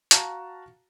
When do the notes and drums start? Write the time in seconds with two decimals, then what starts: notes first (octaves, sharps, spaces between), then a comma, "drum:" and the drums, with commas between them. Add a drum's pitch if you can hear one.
0.11 F#4 F5 A5 A#5, drum: hi-hat